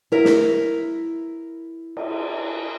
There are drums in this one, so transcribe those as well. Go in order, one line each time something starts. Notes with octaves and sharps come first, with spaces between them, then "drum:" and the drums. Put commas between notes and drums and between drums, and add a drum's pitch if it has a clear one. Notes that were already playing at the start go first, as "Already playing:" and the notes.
E4 A#4 E5
drum: snare
drum: cymbal